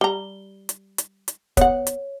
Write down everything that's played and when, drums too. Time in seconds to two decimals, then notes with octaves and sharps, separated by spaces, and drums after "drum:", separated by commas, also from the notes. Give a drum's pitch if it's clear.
0.01 G3 A#5 G7
0.69 drum: hi-hat
0.98 drum: hi-hat
1.28 drum: hi-hat
1.57 B3 C#5 F#5, drum: kick, hi-hat
1.87 drum: hi-hat